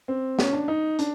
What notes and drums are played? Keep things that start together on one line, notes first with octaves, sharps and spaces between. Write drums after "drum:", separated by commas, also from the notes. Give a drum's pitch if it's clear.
C4
C#4, drum: snare
D4
D#4
D4, drum: hi-hat